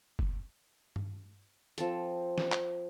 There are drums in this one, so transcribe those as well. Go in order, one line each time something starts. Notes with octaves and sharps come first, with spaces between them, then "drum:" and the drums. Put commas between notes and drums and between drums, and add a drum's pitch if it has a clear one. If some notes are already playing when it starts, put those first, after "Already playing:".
drum: kick F#1
drum: tom G2
F3 C4 A4, drum: hi-hat
drum: snare
drum: clap